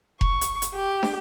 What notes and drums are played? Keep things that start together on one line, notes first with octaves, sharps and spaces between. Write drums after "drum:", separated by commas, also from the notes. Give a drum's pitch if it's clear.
C#6, drum: kick F1
drum: hi-hat
drum: hi-hat
G4
drum: snare